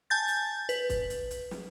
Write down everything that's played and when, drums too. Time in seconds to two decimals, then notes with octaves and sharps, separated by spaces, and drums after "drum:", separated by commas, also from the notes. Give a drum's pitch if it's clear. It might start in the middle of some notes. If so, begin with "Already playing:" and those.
0.10 G#5 A5 G6 A6
0.28 drum: hi-hat
0.69 B4, drum: hi-hat
0.89 drum: kick, hi-hat
1.10 drum: hi-hat
1.31 drum: hi-hat
1.51 drum: snare